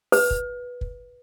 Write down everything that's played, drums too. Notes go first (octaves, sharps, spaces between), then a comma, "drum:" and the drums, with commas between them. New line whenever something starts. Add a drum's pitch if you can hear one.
B4, drum: open hi-hat
drum: kick
drum: kick